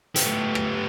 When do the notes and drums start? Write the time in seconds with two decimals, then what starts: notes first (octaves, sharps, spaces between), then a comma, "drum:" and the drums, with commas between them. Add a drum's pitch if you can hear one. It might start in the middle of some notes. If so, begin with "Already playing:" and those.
0.16 F#2 A2 A3 B3 G4, drum: hi-hat
0.55 drum: rim click